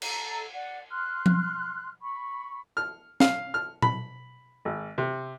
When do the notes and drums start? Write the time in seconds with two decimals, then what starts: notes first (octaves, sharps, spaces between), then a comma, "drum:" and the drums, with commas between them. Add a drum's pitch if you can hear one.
0.02 A4 A#5, drum: cymbal
0.54 D5 F#5
0.90 C6 F6 F#6
1.26 drum: tom F3
2.02 B5 C#6
2.77 F6
3.20 F5, drum: snare
3.54 F6
3.82 B5, drum: tom A#2
4.65 G#1
4.98 C3